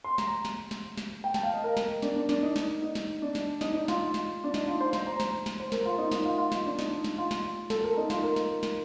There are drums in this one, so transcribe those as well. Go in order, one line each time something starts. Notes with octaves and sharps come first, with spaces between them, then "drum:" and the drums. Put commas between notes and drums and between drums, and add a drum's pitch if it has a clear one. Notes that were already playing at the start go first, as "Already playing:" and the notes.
C6
A#5, drum: snare
drum: snare
drum: snare
drum: snare
G5
A5, drum: snare
F5
D#5
A#4
drum: snare
D4, drum: snare
D4
D4, drum: snare
D#4
drum: snare
D#4
drum: snare
D4
drum: snare
D#4, drum: snare
D#4
F4, drum: snare
drum: snare
D4
D#4, drum: snare
F4
C5
C5, drum: snare
A#5
drum: snare
drum: snare
C5
A#4, drum: snare
F4
D#4
D#4, drum: snare
F4
F4
drum: snare
D4
D#4, drum: snare
drum: snare
F4
drum: snare
A4, drum: snare
A#4
D#4
F4, drum: snare
A#4
drum: snare
drum: snare